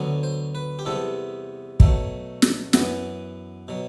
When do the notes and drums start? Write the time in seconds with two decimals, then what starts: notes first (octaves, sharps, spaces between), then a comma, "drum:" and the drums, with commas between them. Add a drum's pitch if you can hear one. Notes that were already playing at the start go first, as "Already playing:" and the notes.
Already playing: D2 D3 F#3 B3
0.23 C5
0.55 B4
0.79 G4
0.86 E2 C3 G3 B3 A4
1.80 B2 F#3 A3, drum: kick
2.42 drum: snare
2.73 F#2 E3 B3 F#4, drum: snare
3.68 B2 F#3